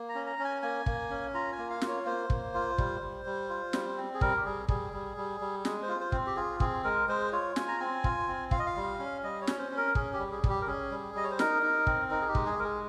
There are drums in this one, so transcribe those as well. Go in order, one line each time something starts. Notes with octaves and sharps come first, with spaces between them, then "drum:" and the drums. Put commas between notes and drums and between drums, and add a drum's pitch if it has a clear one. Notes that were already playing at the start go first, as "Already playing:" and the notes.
Already playing: A#3
A#5
C#4
A#5
C#4
G#5
A#3 G#5
A#3, drum: kick
C#4
F4 A#5
G#5
A#3
F5
F4, drum: snare
C#5
A#3 C5
A#3, drum: kick
F4
G3, drum: kick
G3
G3
F4
G3, drum: snare
C4
G#4
G3 A#4, drum: kick
G4
G3 G#4
G3 G#4, drum: kick
G3
G3
G3
G#3 G#4, drum: snare
C5
F4
C5
C4, drum: kick
G4
F4 G#4
C4 G#4, drum: kick
G#3 A#4
G#3 C5
F4 C#5
F4 G#5, drum: snare
A#5
C4 G#5
F4, drum: kick
C4
F4 F5, drum: kick
D#5
F5
G3
C#4
G3 D#5
C#5
C#4, drum: snare
C5
C#4
A#4
C#4 G#4, drum: kick
G4
G3
G#4
G3, drum: kick
G4
A#4
C#4 G#4
G3
G3 D#5
C#5
C5
D#4 A#4, drum: snare
D#4
C4, drum: kick
D#4 A#4
G#4
G4
G#3, drum: kick
G#4
G#3 A#4
G#4